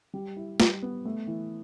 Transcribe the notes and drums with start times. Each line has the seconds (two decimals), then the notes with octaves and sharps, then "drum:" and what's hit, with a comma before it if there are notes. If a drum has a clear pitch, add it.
0.14 G3
0.36 E4
0.60 G3, drum: snare
0.82 B3
1.05 A3
1.27 E3